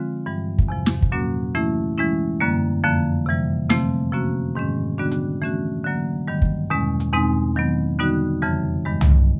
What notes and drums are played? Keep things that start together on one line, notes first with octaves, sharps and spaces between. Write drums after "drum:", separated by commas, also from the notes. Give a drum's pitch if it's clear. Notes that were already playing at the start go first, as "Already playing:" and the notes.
Already playing: D3 F3 G#3 C4 F4
G2 E3 G3
drum: kick
E2 C3 F3
drum: snare
drum: kick
A#2 F#3 A#3 C#4 F#4
E3 A3 C#4 E4, drum: hi-hat
E3 G#3 C#4 E4
F#2 D3 G3 A#3
F2 D3 F3 A#3
C3 E3 G3
C3 F3 A3 C4, drum: snare
C3 F3 A#3 C#4 F#4
G#2 D#3 G#3 C#4
D3 G3 B3 D4 F#4
drum: hi-hat
E3 A3 C#4 F#4
D3 F#3 A#3
G2 D#3 G3
drum: kick
E2 B2 G#3 C#4
drum: hi-hat
E2 B2 G#3 C4 D#4
D#3 F#3 B3
D3 G3 B3 D#4 F#4
F2 C#3 E3 G3
G2 D#3 G#3
drum: tom